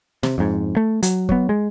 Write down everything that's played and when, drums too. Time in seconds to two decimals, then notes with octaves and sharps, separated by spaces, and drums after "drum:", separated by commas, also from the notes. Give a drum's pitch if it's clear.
0.23 C3, drum: snare
0.38 F2 G#2
0.76 A3
1.03 F#3, drum: hi-hat
1.29 F#3 B3, drum: kick
1.49 G#3